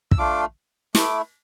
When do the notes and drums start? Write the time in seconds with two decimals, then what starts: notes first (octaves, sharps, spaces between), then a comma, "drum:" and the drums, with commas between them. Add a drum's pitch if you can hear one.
0.11 E6, drum: kick
0.18 A3 D4 F4 D6
0.95 A3 E4 D6, drum: snare